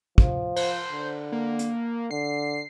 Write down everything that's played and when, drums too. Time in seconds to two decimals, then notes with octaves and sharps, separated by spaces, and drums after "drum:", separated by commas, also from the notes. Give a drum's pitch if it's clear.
0.18 F3, drum: kick
0.56 C5, drum: cymbal
0.91 D3
1.32 A#3
1.59 drum: hi-hat
2.11 D3 C7